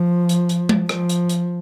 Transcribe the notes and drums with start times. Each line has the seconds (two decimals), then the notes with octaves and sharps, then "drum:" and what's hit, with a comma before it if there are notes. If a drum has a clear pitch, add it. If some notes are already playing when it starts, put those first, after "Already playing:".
Already playing: F3
0.29 drum: hi-hat
0.49 drum: hi-hat
0.69 drum: tom G#3
0.89 F3, drum: rim click
1.09 drum: hi-hat
1.29 drum: hi-hat